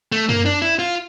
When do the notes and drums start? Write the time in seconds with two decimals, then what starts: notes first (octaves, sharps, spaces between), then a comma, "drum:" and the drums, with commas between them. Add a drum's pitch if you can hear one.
0.12 A3
0.29 A#3, drum: tom F#2
0.46 D4
0.62 E4
0.79 F4